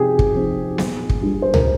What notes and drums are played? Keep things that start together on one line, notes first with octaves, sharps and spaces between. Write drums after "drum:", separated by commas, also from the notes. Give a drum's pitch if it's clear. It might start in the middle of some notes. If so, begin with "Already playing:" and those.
Already playing: C3 F3 C4 D#4 G4 G#4
drum: kick
F3 C4 D#4
A#2, drum: snare B3
drum: kick
G3 D4 F4
C5
A#4, drum: tom C#2